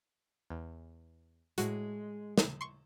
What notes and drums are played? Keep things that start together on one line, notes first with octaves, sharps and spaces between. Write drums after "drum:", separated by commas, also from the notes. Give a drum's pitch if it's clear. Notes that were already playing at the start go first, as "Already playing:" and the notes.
E2
A2 G#3 F#4, drum: hi-hat
drum: snare
C6 C#6